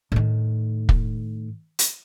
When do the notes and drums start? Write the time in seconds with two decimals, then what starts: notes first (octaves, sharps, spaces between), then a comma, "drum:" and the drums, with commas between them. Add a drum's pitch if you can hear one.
0.12 A2 D#3
0.89 drum: kick
1.79 drum: hi-hat